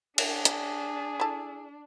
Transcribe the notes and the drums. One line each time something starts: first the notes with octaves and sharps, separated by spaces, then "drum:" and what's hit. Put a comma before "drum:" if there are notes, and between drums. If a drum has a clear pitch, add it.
D4 G#4, drum: cymbal
drum: hi-hat
E4 A4